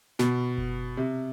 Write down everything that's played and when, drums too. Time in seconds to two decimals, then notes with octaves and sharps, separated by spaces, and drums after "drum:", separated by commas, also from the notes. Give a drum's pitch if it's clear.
0.19 B2, drum: snare
0.58 drum: kick F#1
0.97 C3